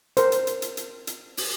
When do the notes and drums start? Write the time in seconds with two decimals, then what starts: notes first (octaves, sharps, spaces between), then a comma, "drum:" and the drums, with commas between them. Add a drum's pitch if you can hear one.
0.17 A#4 C5, drum: hi-hat
0.32 drum: hi-hat
0.47 drum: hi-hat
0.62 drum: hi-hat
0.77 drum: hi-hat
1.07 drum: hi-hat
1.37 drum: open hi-hat